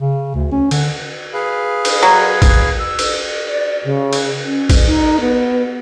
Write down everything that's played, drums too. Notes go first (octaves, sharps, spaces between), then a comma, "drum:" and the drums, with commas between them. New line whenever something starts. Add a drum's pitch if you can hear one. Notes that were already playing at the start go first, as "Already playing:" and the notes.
C#3
D2
C#4
D3, drum: cymbal
G#4 B4 F5
drum: cymbal
F#3 G#6
drum: kick A1, cymbal
E6
drum: cymbal
D5
C#3
drum: cymbal
C#4
drum: kick A1, cymbal
D#4
B3